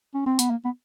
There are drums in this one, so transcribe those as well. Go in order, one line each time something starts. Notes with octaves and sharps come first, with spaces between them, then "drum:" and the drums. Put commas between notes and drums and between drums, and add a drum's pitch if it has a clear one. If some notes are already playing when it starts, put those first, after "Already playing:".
C#4
C4
B3, drum: hi-hat
A#3
B3